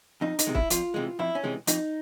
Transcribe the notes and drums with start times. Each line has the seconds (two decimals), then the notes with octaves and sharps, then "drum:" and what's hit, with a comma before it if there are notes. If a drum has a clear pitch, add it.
0.21 F2 D#4
0.39 D#4, drum: hi-hat
0.47 C3 E3 G#3
0.55 E4, drum: kick
0.70 F2 F4, drum: hi-hat
0.94 C3 E3 G#3
1.19 F2 E4
1.35 C#4
1.43 C3 E3 G#3
1.67 F2 D#4, drum: hi-hat